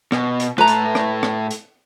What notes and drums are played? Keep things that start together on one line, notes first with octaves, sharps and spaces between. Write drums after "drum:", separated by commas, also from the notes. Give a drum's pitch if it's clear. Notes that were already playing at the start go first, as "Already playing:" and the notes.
B2, drum: rim click
drum: hi-hat
A2 A4 B4 A#5
drum: hi-hat
drum: rim click
drum: rim click
drum: hi-hat